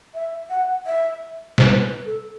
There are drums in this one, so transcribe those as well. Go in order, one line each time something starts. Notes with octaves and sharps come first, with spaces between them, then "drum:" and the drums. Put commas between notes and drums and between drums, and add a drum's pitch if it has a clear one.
E5
F#5
E5
C5, drum: snare
B4
C5
B4
A4